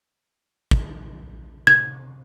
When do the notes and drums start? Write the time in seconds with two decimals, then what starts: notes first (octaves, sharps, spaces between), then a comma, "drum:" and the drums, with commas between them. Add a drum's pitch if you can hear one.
0.71 drum: kick
1.67 G#6, drum: tom C3